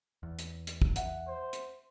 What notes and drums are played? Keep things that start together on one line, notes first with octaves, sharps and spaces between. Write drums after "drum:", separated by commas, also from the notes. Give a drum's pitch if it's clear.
E2
drum: hi-hat
drum: hi-hat
drum: kick
E5 F#5, drum: hi-hat
C5
drum: hi-hat